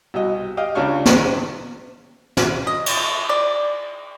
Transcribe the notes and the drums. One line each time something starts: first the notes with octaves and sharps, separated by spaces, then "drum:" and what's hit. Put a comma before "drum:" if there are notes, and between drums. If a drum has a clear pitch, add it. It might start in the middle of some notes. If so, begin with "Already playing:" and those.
C2 B2 D#5
G4 D#5 F5
C#2 C#3 C#4 D4 C#6 F6
D#4, drum: snare
drum: snare
D#5
drum: cymbal
A3
D5